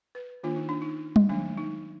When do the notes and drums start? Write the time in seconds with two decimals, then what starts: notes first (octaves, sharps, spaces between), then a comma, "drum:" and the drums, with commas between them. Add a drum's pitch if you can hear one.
0.15 B4
0.43 D#3 A#3 D4 F4
0.56 D#4
0.69 D4
0.82 D#4
1.16 drum: tom G3
1.29 D#3 F#3 A#3 D4
1.57 D#4